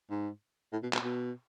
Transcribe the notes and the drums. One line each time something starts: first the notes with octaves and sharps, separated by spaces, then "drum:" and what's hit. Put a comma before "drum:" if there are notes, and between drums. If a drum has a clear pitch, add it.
G#2
A2
B2
B2, drum: clap
B2